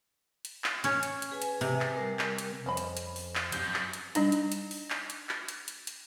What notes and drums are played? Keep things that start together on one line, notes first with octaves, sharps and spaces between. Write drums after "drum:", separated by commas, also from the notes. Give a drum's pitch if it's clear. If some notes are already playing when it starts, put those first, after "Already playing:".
drum: hi-hat
drum: clap
C#4 C#5, drum: hi-hat
drum: hi-hat
drum: hi-hat
G#4 B4 G#5
drum: hi-hat
C3, drum: open hi-hat
drum: clap
G3 A#4
drum: clap
drum: hi-hat
F2 C#4 C5 D#5 B5
drum: hi-hat
drum: hi-hat
drum: open hi-hat
drum: clap
F#2 G6, drum: hi-hat
drum: clap
drum: hi-hat
G3 D4 D#4, drum: hi-hat
drum: hi-hat
drum: hi-hat
drum: open hi-hat
drum: clap
drum: hi-hat
drum: clap
drum: hi-hat
drum: hi-hat
drum: hi-hat